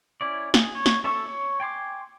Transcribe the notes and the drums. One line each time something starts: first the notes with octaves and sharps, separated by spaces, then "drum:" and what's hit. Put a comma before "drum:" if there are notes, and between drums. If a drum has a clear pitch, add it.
C#4 E4 D5
G#4, drum: snare
C#5
drum: snare
C#4 A4 E5 A5 C#6
C#5
G5 G#5 C6 D6